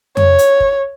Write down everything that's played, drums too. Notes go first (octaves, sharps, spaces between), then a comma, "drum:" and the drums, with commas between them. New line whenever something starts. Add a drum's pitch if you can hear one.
C#5, drum: tom F2
drum: hi-hat
drum: kick